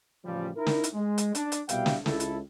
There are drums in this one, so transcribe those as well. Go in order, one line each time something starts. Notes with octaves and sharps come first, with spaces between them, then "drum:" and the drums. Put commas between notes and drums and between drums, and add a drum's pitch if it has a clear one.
A1 C#3 F3 G3
D#4 E4 A#4
drum: snare
drum: hi-hat
G#3
drum: hi-hat
D4, drum: hi-hat
drum: hi-hat
C2 B2 G3 E5 F5 G5, drum: hi-hat
drum: snare
C#2 E4 A4, drum: snare
drum: hi-hat